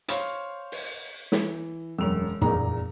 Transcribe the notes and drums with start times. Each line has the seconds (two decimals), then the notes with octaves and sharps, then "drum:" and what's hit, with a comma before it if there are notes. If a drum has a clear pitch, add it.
0.08 C5 C#5 F5, drum: hi-hat
0.72 drum: open hi-hat
1.32 E3, drum: snare
1.98 E1 F#2 E6 F7
2.41 A#1 E2 A#2 A#5, drum: tom